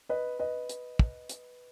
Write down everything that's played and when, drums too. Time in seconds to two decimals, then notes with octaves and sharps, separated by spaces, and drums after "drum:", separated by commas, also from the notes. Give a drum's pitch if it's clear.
0.09 B4 D#5
0.39 B4 D#5
0.69 drum: hi-hat
0.99 drum: kick
1.29 drum: hi-hat